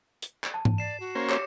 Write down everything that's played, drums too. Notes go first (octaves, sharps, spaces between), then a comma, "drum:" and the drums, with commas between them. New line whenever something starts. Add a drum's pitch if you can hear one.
drum: hi-hat
drum: clap
A5
drum: tom G#2
D5 C7 E7
F#4
A#3 C#4 C5 A#6
G4 C#5 D6 C#7, drum: clap